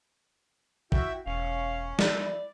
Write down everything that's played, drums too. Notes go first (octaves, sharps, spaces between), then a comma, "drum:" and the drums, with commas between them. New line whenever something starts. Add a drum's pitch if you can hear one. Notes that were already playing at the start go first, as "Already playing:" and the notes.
E4 F#4 E5 G5, drum: kick
E1 C#4 F5
E4 D5, drum: snare